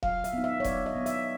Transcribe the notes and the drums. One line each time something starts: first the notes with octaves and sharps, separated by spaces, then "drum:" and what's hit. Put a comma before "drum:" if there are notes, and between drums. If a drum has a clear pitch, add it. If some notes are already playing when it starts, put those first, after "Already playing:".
F#3 F5, drum: kick E1
E5, drum: hi-hat
B3 D#4
E5
C#5
F#3 D5, drum: kick E1, hi-hat
D#5
B3 D#4
E5, drum: hi-hat